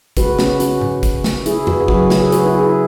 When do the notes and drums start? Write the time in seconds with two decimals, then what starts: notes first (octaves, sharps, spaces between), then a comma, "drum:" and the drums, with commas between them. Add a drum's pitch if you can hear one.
0.17 C#3 G#3 F#4 B4, drum: kick, hi-hat
0.39 C#4 F#4, drum: snare
0.60 C#4 F#4, drum: hi-hat
0.81 drum: tom G#2
1.03 drum: kick, hi-hat
1.24 drum: snare
1.46 E4 G#4, drum: hi-hat
1.67 F#4 B4, drum: tom F2
1.80 G#4
1.88 C#3 F#3 F#4 B4, drum: kick
2.10 E4 G#4, drum: snare
2.22 G#4
2.32 F#4 B4, drum: hi-hat
2.46 E4 G#4
2.60 E4 G#4